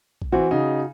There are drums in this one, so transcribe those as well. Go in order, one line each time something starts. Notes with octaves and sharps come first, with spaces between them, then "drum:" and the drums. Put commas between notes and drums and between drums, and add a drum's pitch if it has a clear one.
drum: kick
E3 C4 F#4
C#3 D#4